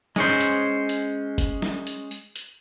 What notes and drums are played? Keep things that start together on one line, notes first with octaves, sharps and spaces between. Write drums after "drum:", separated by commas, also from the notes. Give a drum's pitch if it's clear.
G#3 C#4 C5, drum: snare
drum: hi-hat
drum: hi-hat
drum: kick F#1, hi-hat
drum: snare
drum: hi-hat
drum: hi-hat
drum: hi-hat